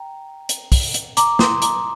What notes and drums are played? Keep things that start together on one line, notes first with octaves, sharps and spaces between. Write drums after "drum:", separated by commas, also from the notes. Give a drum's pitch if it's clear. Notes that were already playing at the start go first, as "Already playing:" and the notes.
Already playing: G5 A#5
drum: hi-hat
drum: kick, open hi-hat
drum: hi-hat
A#5 D6, drum: hi-hat
C6 D#6, drum: snare
A#5 D6, drum: hi-hat